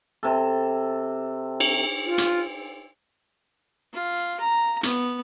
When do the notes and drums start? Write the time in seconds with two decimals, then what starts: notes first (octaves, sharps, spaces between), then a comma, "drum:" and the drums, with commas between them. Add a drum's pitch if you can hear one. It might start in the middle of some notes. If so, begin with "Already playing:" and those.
0.23 C3 A4
1.60 drum: cymbal
2.06 F4
2.18 drum: hi-hat
3.93 F4
4.40 A#5
4.83 B3, drum: hi-hat